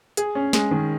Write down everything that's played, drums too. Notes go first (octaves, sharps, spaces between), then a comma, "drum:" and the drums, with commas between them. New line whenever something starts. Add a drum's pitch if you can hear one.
G#4, drum: hi-hat
C#4
G#3, drum: snare
D#3